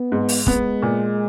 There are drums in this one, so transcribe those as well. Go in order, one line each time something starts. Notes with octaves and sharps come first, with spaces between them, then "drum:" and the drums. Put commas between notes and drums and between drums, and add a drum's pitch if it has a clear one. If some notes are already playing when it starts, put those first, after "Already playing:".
Already playing: B3
G#2
drum: open hi-hat
G#3 B3, drum: kick
A#2